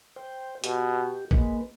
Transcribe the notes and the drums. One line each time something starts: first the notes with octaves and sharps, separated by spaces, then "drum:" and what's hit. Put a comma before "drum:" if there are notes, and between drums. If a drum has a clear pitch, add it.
C5 G5
B2 G4, drum: hi-hat
G#3 A#3 B4, drum: kick